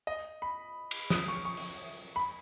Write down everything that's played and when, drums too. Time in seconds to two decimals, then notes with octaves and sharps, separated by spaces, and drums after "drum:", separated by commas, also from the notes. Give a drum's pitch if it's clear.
0.07 D#5
0.42 B5
0.91 drum: cymbal
1.10 D#6, drum: snare
1.28 C#6
1.45 C#6
1.57 drum: open hi-hat
2.16 B5